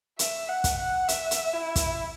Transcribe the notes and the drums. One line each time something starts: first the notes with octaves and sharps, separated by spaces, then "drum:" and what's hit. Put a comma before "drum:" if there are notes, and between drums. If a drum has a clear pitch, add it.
E5, drum: hi-hat
F#5
drum: kick, hi-hat
F#5
E5, drum: hi-hat
drum: hi-hat
E4
drum: kick, hi-hat